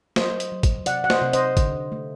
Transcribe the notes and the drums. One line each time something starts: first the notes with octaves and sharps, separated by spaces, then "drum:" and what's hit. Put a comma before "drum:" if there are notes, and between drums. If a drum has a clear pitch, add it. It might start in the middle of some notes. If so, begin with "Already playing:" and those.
F#3 C5 D#5, drum: snare
drum: hi-hat
F#3
drum: kick, hi-hat
C3 D5 F#5, drum: hi-hat
F#5
C5 D#5, drum: snare
C3
C5 D#5, drum: hi-hat
D3, drum: kick, hi-hat
A3